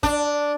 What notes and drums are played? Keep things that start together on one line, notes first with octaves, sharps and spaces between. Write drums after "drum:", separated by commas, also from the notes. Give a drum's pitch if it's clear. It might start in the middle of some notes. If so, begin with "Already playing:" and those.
D4, drum: kick